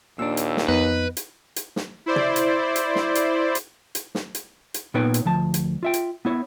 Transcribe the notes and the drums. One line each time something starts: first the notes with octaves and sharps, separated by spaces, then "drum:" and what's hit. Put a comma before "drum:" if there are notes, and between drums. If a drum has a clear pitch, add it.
D#2 A#2 D4 E6
drum: hi-hat
drum: snare
F2 B3 D#4 B4
drum: hi-hat
drum: hi-hat
drum: snare
E4 C5 D5
drum: tom
drum: hi-hat
drum: hi-hat
drum: snare
drum: hi-hat
drum: hi-hat
drum: hi-hat
drum: snare
drum: hi-hat
drum: hi-hat
A#2 B3 D#4 B4 C#5 G5
drum: hi-hat
D2 F3 A5
drum: hi-hat
F4 E5 G5
drum: hi-hat
B3 E4 C#5